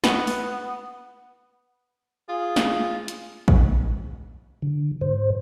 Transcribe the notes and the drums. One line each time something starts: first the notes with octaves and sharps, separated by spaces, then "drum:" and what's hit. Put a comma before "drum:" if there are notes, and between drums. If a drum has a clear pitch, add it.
B3, drum: snare
drum: open hi-hat
F4 G#4
drum: snare
drum: hi-hat
drum: kick
D3
G#2 C5